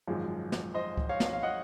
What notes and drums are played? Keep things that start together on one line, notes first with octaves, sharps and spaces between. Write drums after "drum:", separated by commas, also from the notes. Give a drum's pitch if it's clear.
G#1 F#2 F3 G#3
drum: snare
C5 D#5
drum: kick C#2
C#5 F5
drum: snare
F5
D#5 F#5